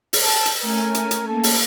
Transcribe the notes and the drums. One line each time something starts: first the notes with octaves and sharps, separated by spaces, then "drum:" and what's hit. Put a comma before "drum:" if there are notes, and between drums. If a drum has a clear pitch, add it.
drum: open hi-hat
G5 A5 E6
drum: hi-hat
A3 C#4 A#4 G#5
drum: hi-hat
drum: hi-hat
A#3 A4
drum: open hi-hat